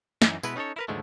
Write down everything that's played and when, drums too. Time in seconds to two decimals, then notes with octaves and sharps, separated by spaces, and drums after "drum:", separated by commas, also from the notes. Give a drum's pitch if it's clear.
0.22 F#2 E3 D#4, drum: snare
0.43 B2 G#3 B3 E4 B4, drum: tambourine
0.56 C#4 D#4 G#4 A4 C#5
0.76 E4 A#4 B4
0.88 D#2 G#2 D3 F3 G#3 A3